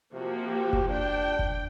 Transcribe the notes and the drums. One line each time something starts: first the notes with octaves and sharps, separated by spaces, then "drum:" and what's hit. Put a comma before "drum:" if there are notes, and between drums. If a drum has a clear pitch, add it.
C3 F3 A#3 F#4
G4
drum: kick F#1
D4 G5
drum: kick F#1